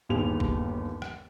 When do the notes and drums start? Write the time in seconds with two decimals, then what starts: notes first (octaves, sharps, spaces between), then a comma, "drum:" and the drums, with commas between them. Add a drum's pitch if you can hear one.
0.09 G1 D#2 G4 G#4 F7
0.40 drum: kick
1.02 drum: rim click